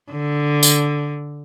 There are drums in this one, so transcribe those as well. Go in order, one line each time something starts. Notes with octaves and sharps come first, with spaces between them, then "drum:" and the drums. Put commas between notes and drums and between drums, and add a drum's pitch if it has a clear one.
D3
drum: tambourine